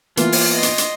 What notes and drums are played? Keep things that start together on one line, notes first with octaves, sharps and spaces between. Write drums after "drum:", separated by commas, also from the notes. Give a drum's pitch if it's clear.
E3 A#3 B3 F4, drum: hi-hat
drum: open hi-hat
D#5 C6
drum: hi-hat
drum: hi-hat